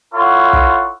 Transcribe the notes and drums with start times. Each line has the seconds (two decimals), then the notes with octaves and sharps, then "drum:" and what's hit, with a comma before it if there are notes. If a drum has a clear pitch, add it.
0.14 E4 F4 A4 C#5 F#5
0.53 drum: kick